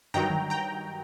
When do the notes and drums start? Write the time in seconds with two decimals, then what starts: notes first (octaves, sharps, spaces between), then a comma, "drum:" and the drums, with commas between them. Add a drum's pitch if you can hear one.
0.14 G2 D#3 F#3 G5 A#5
0.30 drum: tom D3
0.50 G5 A#5